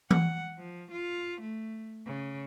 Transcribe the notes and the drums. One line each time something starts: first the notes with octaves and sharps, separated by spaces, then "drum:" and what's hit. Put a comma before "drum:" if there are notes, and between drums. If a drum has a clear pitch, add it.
F#5, drum: tom E3
F3
F4
A3
C#3